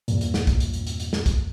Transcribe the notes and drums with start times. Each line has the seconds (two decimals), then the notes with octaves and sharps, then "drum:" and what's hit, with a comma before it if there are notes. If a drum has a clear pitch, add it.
0.08 E2 G2 A#2, drum: hi-hat
0.21 drum: hi-hat
0.34 drum: snare
0.47 drum: kick, hi-hat
0.60 drum: hi-hat
0.73 drum: hi-hat
0.87 drum: hi-hat
1.00 drum: hi-hat
1.13 drum: snare
1.26 drum: kick, hi-hat